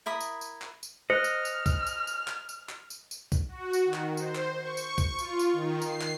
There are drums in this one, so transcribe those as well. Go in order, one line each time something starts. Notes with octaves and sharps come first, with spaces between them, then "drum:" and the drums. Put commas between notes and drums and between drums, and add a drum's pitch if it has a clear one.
E4 A#4 B5 D#6
drum: tambourine
drum: tambourine
drum: clap
drum: tambourine
C5 D#5 F6 F#6 C#7
drum: tambourine
drum: tambourine
drum: kick B1, tambourine
drum: tambourine
drum: tambourine
drum: clap
drum: tambourine
drum: clap
drum: tambourine
drum: tambourine
drum: kick B1, tambourine
F#4
drum: tambourine
D#3
drum: clap
C5, drum: tambourine
drum: clap
C#6
drum: tambourine
drum: kick B1, tambourine
F4, drum: tambourine
drum: tambourine
D#3
C7, drum: tambourine
drum: clap